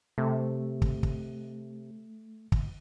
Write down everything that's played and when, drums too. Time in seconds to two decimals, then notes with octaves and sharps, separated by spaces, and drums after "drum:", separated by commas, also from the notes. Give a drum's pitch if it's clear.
0.18 C3 A3
0.82 drum: kick
1.03 drum: kick
2.52 drum: kick